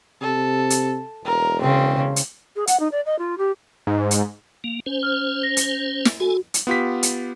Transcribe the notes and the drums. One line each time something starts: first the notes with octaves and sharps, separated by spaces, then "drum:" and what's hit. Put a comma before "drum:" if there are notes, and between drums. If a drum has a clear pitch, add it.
C3 A4
drum: hi-hat
E1 A#4
C#3 C4
drum: hi-hat
G#4
F#5, drum: hi-hat
D#4
D5
D#5
F4
G4
G#2
drum: hi-hat
A#3
C#4 C5
F6
A#6
drum: hi-hat
drum: snare
F#4 A4 G#5
drum: hi-hat
B3 F4 G4 B6
drum: hi-hat